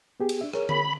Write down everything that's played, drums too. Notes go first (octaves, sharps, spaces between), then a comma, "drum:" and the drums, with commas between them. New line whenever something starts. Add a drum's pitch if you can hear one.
B3 G4 G#4
drum: cymbal
D4 E5
G#4 A#4 C#5, drum: rim click
B5, drum: tom D3